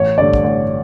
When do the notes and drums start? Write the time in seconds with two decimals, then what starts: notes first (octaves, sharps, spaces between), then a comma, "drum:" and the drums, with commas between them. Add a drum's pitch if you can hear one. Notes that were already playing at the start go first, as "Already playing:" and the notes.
Already playing: A1 C#5
0.18 G2 D3 A3 D5
0.34 drum: kick
0.43 A1 C#5